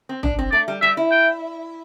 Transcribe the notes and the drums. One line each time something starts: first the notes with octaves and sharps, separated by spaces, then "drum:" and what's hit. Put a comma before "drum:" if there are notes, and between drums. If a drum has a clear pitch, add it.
C4
D4, drum: tom
C4
A3 D5
G3
G3 E5
E4
G5